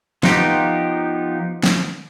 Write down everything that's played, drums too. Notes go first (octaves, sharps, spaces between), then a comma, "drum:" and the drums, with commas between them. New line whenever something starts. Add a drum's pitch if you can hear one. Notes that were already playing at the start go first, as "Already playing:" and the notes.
F3 B3 D#4 F4 G4, drum: snare
drum: snare